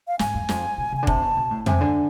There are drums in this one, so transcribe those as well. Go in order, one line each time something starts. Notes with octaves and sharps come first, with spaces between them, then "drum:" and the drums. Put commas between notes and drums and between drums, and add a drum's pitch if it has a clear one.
F5
G#2 G#5, drum: snare
E2
F2, drum: snare
B2
C3 G#5
D3
C3 A5, drum: kick
B2
B2
A2
C3 G#5, drum: tom
D3